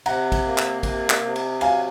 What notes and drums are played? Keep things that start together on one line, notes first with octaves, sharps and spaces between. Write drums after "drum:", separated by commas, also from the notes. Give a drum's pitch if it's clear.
C3 F#5 A#5, drum: cymbal
drum: kick A1, cymbal
A#3
drum: clap
C3, drum: kick A1, cymbal
drum: clap
C3
drum: cymbal
F#3 F5 G#5, drum: cymbal